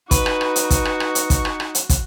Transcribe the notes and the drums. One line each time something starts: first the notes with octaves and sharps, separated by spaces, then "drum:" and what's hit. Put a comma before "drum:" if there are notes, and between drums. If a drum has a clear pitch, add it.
D#4 F#4 B4 C#6, drum: kick, hi-hat
drum: rim click
drum: rim click
drum: hi-hat
drum: kick, hi-hat
drum: rim click
drum: rim click
drum: hi-hat
drum: kick, hi-hat
drum: rim click
drum: rim click
drum: hi-hat
drum: kick, hi-hat